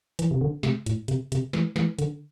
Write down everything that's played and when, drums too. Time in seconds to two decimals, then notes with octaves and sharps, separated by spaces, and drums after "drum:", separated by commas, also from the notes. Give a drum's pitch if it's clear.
0.19 E3, drum: hi-hat
0.31 C3
0.41 D3
0.63 C3, drum: snare
0.86 A2, drum: hi-hat
1.08 C3, drum: hi-hat
1.32 C3, drum: hi-hat
1.53 E3, drum: snare
1.76 E3, drum: snare
1.99 D3, drum: hi-hat